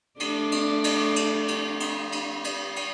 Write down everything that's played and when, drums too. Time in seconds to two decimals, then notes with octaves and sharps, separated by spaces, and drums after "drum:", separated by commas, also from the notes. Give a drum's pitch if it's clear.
0.20 A3 D4 D5, drum: cymbal
0.52 drum: cymbal
0.84 drum: cymbal
1.16 drum: cymbal
1.48 drum: cymbal
1.80 drum: cymbal
2.12 drum: cymbal
2.44 drum: cymbal
2.76 drum: cymbal